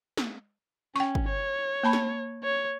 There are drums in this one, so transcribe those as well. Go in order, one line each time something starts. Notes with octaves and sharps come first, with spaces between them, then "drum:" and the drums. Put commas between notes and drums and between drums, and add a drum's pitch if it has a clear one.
drum: snare
C#4 G5 C#6
drum: kick
C#5
A#3 A5 B5
drum: snare
C#5